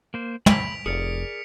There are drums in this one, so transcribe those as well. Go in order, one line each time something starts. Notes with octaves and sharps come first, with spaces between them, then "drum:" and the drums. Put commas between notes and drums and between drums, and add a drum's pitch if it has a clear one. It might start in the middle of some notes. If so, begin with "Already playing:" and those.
A#3 C5
B5 B6 D7 F7, drum: tom
F1 G#4 A#4 D5 C#7